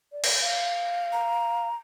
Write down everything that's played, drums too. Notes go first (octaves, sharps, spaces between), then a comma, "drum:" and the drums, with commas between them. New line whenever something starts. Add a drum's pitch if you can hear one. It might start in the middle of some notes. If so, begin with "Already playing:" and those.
D5
drum: cymbal
F5
A#5